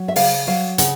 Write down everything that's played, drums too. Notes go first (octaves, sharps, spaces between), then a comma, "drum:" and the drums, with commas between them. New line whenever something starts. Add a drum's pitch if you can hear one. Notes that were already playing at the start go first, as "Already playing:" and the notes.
Already playing: F#3
E5
C#3 F5, drum: open hi-hat
F#3 F5
C#3 F#5, drum: hi-hat